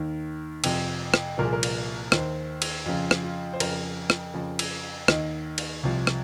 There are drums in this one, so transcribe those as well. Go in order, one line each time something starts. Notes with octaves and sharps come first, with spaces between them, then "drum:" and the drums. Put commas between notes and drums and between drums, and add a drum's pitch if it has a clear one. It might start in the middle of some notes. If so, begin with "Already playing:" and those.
Already playing: D#2 D#3
F2 C3 F3, drum: cymbal
drum: rim click
C2 A#2 F3 A#4
G#4
A#4
drum: cymbal
D#2 D#3 C5, drum: rim click
drum: cymbal
F2 C#3 F3 F4
drum: rim click
F4
C5
F2 C#3 F3 A#4, drum: cymbal
drum: rim click
F2 C#3 F3
drum: cymbal
D#2 D#3 D#5, drum: rim click
drum: cymbal
C2 C3 F3
drum: rim click